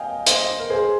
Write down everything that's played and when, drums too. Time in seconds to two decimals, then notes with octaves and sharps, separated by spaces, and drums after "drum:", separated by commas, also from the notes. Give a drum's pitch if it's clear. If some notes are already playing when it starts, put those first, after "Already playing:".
Already playing: D#5 F5 G5 G#5
0.26 C5 D#5, drum: hi-hat
0.59 A#4
0.70 G#4 C5